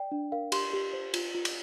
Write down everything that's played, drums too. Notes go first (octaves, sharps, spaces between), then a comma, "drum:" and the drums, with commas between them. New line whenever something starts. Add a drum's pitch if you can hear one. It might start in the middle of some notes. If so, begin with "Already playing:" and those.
Already playing: D5 G5
D4
A#4 F5
G4 C6, drum: cymbal
G4
C5
F4, drum: cymbal
F4
drum: cymbal